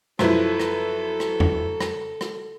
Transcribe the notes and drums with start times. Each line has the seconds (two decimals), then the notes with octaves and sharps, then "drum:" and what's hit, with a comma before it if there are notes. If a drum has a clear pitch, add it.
0.19 F#2 F3 E4 A4 B4 C5, drum: rim click
0.60 drum: rim click
1.20 drum: rim click
1.40 drum: tom F2
1.81 drum: rim click
2.21 drum: rim click